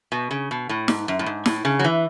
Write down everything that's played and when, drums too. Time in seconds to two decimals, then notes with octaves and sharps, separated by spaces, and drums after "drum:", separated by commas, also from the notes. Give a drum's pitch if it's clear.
0.12 B2
0.31 C#3
0.51 B2
0.69 A2
0.88 G#2, drum: snare
1.08 F#2
1.19 A2
1.26 G#2
1.46 A2, drum: snare
1.65 C#3
1.79 F#3
1.84 E3